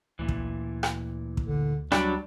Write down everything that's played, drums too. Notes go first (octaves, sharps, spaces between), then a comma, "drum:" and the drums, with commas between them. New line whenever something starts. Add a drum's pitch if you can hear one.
D2 A#2 E3
drum: kick
drum: rim click
drum: kick
D3
F#3 G3 D4 G4 G5 B5, drum: rim click